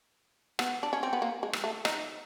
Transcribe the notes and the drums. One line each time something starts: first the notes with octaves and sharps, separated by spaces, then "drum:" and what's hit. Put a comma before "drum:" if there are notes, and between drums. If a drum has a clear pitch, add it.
B3, drum: rim click
D4
C#4
C4
B3
A#3
G#3
drum: rim click
A3
D#4, drum: rim click